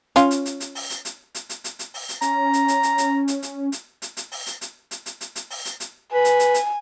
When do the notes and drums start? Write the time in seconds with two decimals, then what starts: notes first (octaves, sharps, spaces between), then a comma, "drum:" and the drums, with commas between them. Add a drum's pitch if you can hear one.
0.16 C#4 F4, drum: hi-hat
0.31 drum: hi-hat
0.46 drum: hi-hat
0.60 drum: hi-hat
0.75 drum: open hi-hat
0.90 drum: hi-hat
1.05 drum: hi-hat
1.35 drum: hi-hat
1.49 drum: hi-hat
1.64 drum: hi-hat
1.79 drum: hi-hat
1.94 drum: open hi-hat
2.09 drum: hi-hat
2.22 C#4 A#5, drum: hi-hat
2.53 drum: hi-hat
2.68 drum: hi-hat
2.83 drum: hi-hat
2.98 drum: hi-hat
3.28 drum: hi-hat
3.43 drum: hi-hat
3.72 drum: hi-hat
4.02 drum: hi-hat
4.17 drum: hi-hat
4.32 drum: open hi-hat
4.46 drum: hi-hat
4.61 drum: hi-hat
4.91 drum: hi-hat
5.06 drum: hi-hat
5.21 drum: hi-hat
5.36 drum: hi-hat
5.50 drum: open hi-hat
5.65 drum: hi-hat
5.80 drum: hi-hat
6.13 B4 G#5
6.25 drum: hi-hat
6.39 drum: hi-hat
6.54 drum: hi-hat